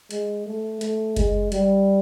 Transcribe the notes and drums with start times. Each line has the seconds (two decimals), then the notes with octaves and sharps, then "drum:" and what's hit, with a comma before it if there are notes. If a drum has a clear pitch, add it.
0.11 G#3, drum: hi-hat
0.46 A3
0.81 A3, drum: hi-hat
1.16 G#3, drum: kick F#1, hi-hat
1.52 G3, drum: hi-hat